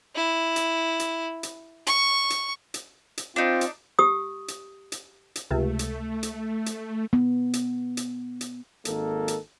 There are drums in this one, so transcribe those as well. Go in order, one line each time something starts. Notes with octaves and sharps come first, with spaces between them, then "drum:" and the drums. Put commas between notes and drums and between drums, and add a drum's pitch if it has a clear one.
E4
drum: hi-hat
drum: hi-hat
drum: hi-hat
C#6, drum: hi-hat
drum: hi-hat
drum: hi-hat
drum: hi-hat
C4 D4 D#4 F4
drum: hi-hat
G4 D#6
drum: hi-hat
drum: hi-hat
drum: hi-hat
C#2 C3 A3
drum: hi-hat
drum: hi-hat
drum: hi-hat
B3
drum: hi-hat
drum: hi-hat
drum: hi-hat
G#1 D#3 A#3 A4, drum: hi-hat
drum: hi-hat